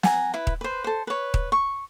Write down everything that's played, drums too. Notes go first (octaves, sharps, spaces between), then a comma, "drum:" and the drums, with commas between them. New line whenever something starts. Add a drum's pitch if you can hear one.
F#5 G#5 A#5, drum: snare
E4 B4
drum: kick D#1
B4 C5
A4 C5
B4 C#5
drum: kick D#1
C#6